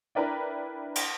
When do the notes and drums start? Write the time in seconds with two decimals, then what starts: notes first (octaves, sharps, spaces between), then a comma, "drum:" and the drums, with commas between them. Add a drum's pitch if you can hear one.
0.15 D4 E4 A#4 B4 D5 G5
0.96 drum: cymbal